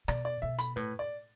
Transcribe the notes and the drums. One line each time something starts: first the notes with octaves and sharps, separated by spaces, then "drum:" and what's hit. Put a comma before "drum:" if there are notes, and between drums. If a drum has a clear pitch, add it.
B2 D5, drum: rim click
D5
B2 E5
B5, drum: hi-hat
A2 B4
D5